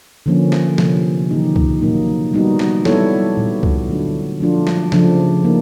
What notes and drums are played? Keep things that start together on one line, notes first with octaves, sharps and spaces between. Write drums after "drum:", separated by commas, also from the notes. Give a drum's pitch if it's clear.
D3 F3 A#3 C#4
drum: snare
C3 F3 A3, drum: snare
D#3 F#3 A#3 D#4 G4
drum: kick C#2
A#2 F#3 A#3 D#4
G3 B3 D#4 F#4
drum: snare
G3 B3 E4 A4 C#5, drum: snare
A#2 F#3 B3
drum: kick C#2
D3 F#3 A3 D4 F#4
F3 A3 D4 F4
drum: snare
C#3 F3 A3 D4, drum: snare
A#3 D#4